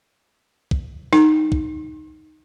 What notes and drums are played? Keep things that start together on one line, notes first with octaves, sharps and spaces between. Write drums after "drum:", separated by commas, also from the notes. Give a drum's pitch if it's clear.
drum: kick
D#4, drum: snare
drum: kick